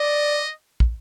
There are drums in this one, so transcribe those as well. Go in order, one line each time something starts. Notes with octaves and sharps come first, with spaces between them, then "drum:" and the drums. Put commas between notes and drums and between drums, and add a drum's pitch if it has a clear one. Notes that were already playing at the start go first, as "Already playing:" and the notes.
Already playing: D5 D#5
drum: kick